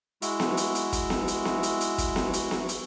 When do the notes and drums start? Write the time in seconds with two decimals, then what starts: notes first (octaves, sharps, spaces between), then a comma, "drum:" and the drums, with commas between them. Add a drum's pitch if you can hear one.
0.22 G#3 E4 F#4, drum: hi-hat
0.40 drum: snare B3
0.57 drum: hi-hat
0.75 drum: hi-hat
0.92 drum: kick, hi-hat
1.10 drum: snare B3
1.28 drum: hi-hat
1.45 drum: snare B3
1.63 drum: hi-hat
1.81 drum: hi-hat
1.98 drum: kick, hi-hat
2.16 drum: snare B3
2.33 drum: hi-hat
2.51 drum: snare B3
2.69 drum: hi-hat